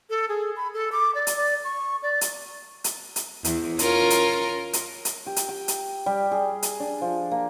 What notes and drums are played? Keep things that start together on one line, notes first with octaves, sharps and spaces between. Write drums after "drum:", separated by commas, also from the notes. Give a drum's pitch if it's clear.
A4
G#4
B5
A4
D6
D5
drum: hi-hat
D5
C#6
D5
drum: hi-hat
drum: hi-hat
drum: hi-hat
E2, drum: hi-hat
C#4 F4 A#4, drum: hi-hat
drum: hi-hat
drum: hi-hat
drum: hi-hat
G4
drum: hi-hat
G5
drum: hi-hat
G3
G#4
drum: hi-hat
D4
F3
A#3